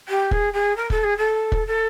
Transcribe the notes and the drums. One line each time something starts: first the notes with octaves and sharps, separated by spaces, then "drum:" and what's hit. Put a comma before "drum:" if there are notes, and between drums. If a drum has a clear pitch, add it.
G4
G#4, drum: kick
G#4
A#4
A4, drum: kick
G#4
A4
drum: kick
A4